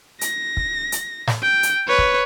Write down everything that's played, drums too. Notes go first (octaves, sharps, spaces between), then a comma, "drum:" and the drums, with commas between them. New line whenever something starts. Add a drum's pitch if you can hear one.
A#6, drum: hi-hat
drum: kick
drum: hi-hat
drum: snare
G5
drum: hi-hat
B4 C#5
drum: kick